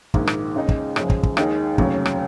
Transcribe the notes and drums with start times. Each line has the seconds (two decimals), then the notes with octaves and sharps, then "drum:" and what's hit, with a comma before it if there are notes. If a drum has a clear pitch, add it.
0.14 A#1 G#2 D#3 A#3, drum: kick
0.27 drum: rim click
0.55 D#2 C#3 G#3 D#4
0.69 drum: kick
0.96 F#2 C#3 F3 G#3, drum: rim click
1.10 drum: kick
1.23 drum: kick
1.37 D#2 D#3 G#3 D#4, drum: rim click
1.78 F1 D#2 C#3 F#3, drum: kick
2.06 drum: rim click